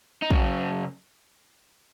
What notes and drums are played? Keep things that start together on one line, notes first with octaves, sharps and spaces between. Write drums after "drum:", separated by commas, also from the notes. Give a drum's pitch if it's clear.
D#4
F#2 C#3 F#3 C#4, drum: kick